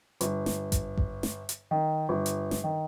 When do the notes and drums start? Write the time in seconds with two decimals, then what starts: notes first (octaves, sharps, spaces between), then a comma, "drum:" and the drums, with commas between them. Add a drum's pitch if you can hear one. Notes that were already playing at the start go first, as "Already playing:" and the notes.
0.21 G1, drum: hi-hat
0.46 drum: snare
0.72 drum: kick G#1, hi-hat
0.98 drum: kick G#1
1.23 drum: snare
1.49 drum: hi-hat
1.71 D#3
2.09 G1
2.26 drum: hi-hat
2.51 drum: snare
2.64 D#3